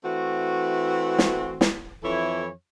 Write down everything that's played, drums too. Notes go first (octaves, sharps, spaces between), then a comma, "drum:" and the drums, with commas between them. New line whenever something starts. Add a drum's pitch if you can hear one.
E3 A3 C4 F#4
drum: snare
drum: snare
F2 E3 E4 A4 C#5